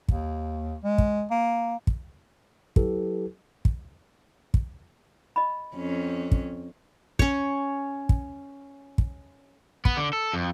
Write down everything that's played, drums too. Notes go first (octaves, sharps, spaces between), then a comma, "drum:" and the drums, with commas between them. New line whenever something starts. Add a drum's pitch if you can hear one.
D#2, drum: kick
G#3
drum: kick
A#3
drum: kick
F#3 E4 G4 A4 B4, drum: kick
drum: kick
drum: kick
D#5 B5
F2 C#4
drum: kick
C#4 C#5, drum: kick
drum: kick
drum: kick
B3, drum: kick
D3
A4
F2